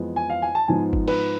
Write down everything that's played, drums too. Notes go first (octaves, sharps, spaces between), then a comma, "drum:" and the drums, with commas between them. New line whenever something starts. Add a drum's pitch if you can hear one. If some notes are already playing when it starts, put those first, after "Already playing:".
Already playing: F2 E3 G#3 B3
G#5
F5
G#5
A5
G#2 F3 B3 G#5
drum: kick G1
B4, drum: cymbal